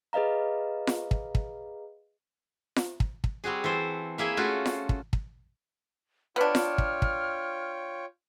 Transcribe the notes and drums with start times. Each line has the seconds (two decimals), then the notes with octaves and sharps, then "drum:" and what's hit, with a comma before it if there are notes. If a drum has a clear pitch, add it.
0.13 G#4 B4 D#5 F5 A#5
0.87 drum: snare F4
1.11 drum: kick
1.35 drum: kick
2.76 drum: snare F4
3.00 drum: kick
3.24 drum: kick
3.44 G3 C4 F#4 G#4
3.64 E3 A4 C5
4.18 A#3 E4 G#4 E5
4.37 A3 C#4 F4 F#4
4.66 drum: snare F4
4.89 drum: kick
5.13 drum: kick
6.36 B3 D4 F4 C#5 G5 F6
6.55 drum: snare F4
6.78 drum: kick
7.02 drum: kick